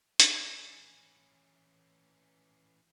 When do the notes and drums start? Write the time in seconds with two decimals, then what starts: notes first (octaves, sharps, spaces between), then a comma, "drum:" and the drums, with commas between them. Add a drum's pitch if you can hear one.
0.20 E3 C#4, drum: hi-hat